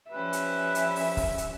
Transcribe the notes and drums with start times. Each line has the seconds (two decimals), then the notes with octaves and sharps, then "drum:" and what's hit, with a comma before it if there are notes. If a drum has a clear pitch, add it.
0.12 F3 G3 C#4 B4 E5
0.33 drum: hi-hat
0.75 drum: hi-hat
0.96 drum: open hi-hat
1.17 drum: kick, open hi-hat
1.38 drum: hi-hat